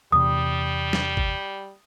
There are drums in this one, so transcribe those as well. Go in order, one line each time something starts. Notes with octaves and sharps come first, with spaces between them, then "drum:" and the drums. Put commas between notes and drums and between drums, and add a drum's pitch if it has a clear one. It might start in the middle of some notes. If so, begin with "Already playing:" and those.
E2 C3 G3 D#6
drum: snare
drum: kick G1